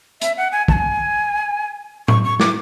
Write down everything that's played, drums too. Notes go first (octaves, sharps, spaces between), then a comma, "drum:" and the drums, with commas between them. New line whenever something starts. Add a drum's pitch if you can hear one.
E5, drum: hi-hat
F#5
G#5
A5, drum: kick
G#5
C#6, drum: tom A2
C#6
D6, drum: snare